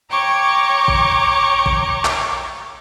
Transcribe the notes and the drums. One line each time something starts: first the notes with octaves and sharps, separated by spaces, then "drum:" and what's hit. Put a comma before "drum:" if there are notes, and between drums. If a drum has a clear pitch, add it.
C#5 G5 A#5 C#6 D6
drum: kick
drum: kick
drum: clap